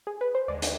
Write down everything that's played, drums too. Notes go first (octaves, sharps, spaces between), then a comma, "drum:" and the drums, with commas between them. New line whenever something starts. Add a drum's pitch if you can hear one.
G#4
B4
C5
D#2 D3 G#3 D5
drum: hi-hat